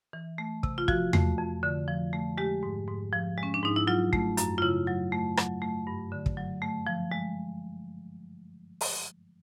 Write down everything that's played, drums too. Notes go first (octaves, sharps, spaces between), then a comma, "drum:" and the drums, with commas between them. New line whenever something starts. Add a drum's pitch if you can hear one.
E3
A3
C3, drum: kick
F4
F3 F#4, drum: kick
A3, drum: tom E2
F2
D3
F3
A3
G#3 G4
G#2
G#2
F3
G#3
C#4
D4
G#2 D#4
E4
F#3 F4
A3, drum: kick
F#2, drum: hi-hat
F4
C#3 E4
F#3
A3
F#3, drum: rim click
A3
G2
D3
drum: kick
F#3
A3
F3
G#3
drum: open hi-hat